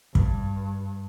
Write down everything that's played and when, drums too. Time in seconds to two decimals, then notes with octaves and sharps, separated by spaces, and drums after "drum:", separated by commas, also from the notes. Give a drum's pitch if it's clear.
0.15 G2, drum: kick